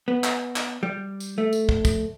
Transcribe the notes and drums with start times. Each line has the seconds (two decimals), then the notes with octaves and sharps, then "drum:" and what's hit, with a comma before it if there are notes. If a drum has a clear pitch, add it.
0.08 B3
0.24 drum: clap
0.56 drum: clap
0.83 G3
1.20 drum: tambourine
1.38 A3
1.53 drum: tambourine
1.69 drum: kick
1.85 drum: kick, tambourine